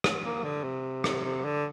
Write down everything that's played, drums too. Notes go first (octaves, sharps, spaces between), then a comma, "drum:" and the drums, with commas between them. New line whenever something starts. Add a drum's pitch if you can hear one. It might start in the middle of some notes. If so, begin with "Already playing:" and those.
drum: rim click
A#3
D3
C3
drum: rim click
C3
D3